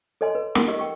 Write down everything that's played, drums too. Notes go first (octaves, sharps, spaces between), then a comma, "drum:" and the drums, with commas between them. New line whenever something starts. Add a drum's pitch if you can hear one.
A4 C#5 D#5 G#5 C6
B4
C#4 A#4 F#5, drum: snare
G4 D#5 D6 E6
G5 C#6